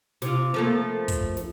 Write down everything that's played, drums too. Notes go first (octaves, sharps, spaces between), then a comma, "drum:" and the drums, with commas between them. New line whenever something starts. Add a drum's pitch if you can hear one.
C3 F4, drum: snare
F3 A3 A#3
drum: kick, hi-hat
drum: snare